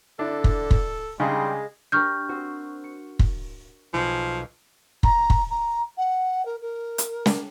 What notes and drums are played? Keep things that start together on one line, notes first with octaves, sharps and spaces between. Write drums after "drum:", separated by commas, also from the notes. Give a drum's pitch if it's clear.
D3 D4 E4 A4
drum: kick
drum: kick
C#3 G3 G#3 D4 D#4 G5 C6
D4 G4 A#4 C#6 F6 G6
C4 F#4 C5
C#7
drum: kick
B1 F3 G#5
A#5, drum: kick
drum: kick
A#5
F#5
A#4
A#4
drum: hi-hat
drum: snare